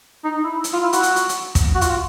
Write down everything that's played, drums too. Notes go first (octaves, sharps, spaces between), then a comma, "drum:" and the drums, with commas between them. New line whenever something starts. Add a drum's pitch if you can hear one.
D#4
E4
drum: hi-hat
F4
E4
F#4, drum: hi-hat
drum: hi-hat
drum: hi-hat
drum: hi-hat
drum: kick, hi-hat
F#4
F4, drum: hi-hat